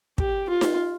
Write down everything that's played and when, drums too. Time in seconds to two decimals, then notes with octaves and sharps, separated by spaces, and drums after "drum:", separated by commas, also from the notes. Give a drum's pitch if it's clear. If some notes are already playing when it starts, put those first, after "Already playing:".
0.18 G4, drum: kick
0.49 F4
0.61 drum: snare D#4